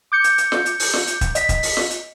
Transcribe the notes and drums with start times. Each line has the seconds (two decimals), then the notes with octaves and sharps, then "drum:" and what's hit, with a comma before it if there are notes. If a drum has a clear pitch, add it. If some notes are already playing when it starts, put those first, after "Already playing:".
0.12 D6 G6 C#7
0.24 drum: hi-hat
0.38 drum: hi-hat
0.52 drum: snare
0.66 drum: hi-hat
0.80 drum: open hi-hat
0.93 drum: snare
1.07 drum: hi-hat
1.21 drum: kick, hi-hat
1.35 D#5 B6, drum: hi-hat
1.49 drum: kick, hi-hat
1.63 drum: open hi-hat
1.77 drum: snare
1.91 drum: hi-hat